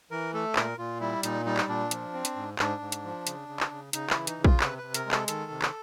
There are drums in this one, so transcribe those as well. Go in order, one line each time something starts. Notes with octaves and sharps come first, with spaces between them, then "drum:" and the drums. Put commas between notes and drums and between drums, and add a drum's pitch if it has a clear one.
E3 A#4
A3 A4
A#2 A#4, drum: clap
A#2 F4
G3 E4
A#2 D#4, drum: hi-hat
G3 D#4
drum: clap
A#2 D4
F3, drum: hi-hat
C4
drum: hi-hat
G#2
G#2 D4, drum: clap
G#2
drum: hi-hat
F3
C#3, drum: hi-hat
C#3
drum: clap
C#3
C#3 D#4, drum: hi-hat
E4, drum: clap
E3
D#4, drum: hi-hat
C#3
F4, drum: kick A#1
C3 B4, drum: clap
C3 B4
A#4, drum: hi-hat
G#3
A4, drum: clap
D#3 A4, drum: hi-hat
C3
drum: clap